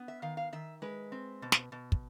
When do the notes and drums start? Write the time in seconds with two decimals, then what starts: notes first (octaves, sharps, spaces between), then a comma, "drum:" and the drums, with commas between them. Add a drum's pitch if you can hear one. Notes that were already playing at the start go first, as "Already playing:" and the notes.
Already playing: B3
0.08 E5
0.22 D#3 F5
0.37 F5
0.53 D#3 E5
0.82 G#3 B4
1.12 C4
1.42 B2
1.52 drum: snare
1.72 B2
1.92 drum: kick